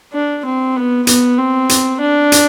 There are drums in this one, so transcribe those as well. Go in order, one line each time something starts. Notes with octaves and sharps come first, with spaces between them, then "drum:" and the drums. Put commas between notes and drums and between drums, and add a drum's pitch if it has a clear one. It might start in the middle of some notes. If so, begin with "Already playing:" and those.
D4
C4
B3
B3, drum: hi-hat
C4
drum: hi-hat
D4
drum: hi-hat